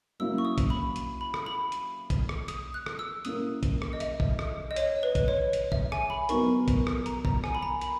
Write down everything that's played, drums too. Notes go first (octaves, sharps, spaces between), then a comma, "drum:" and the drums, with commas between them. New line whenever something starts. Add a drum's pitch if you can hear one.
F#3 A#3 C#4 E4 E6
C#6
D#6
drum: kick A#1, hi-hat
B5
drum: hi-hat
B5
drum: rim click
B5
drum: hi-hat
drum: kick A#1, hi-hat
drum: rim click
D#6, drum: hi-hat
F#6
drum: rim click
E6
A#3 C#4 E4 A#4 D#6, drum: hi-hat
drum: kick A#1, hi-hat
drum: rim click
D#5
E5, drum: hi-hat
drum: kick A#1
drum: rim click
D#5
C#5, drum: hi-hat
B4
drum: kick A#1, hi-hat
C#5
drum: hi-hat
E5, drum: kick A#1
G#5, drum: rim click
B5
F#3 B3 D#4 A#4 C#6, drum: hi-hat
drum: kick A#1, hi-hat
drum: rim click
A#5, drum: hi-hat
A#5, drum: kick A#1
G#5, drum: rim click
B5
A#5
B5, drum: hi-hat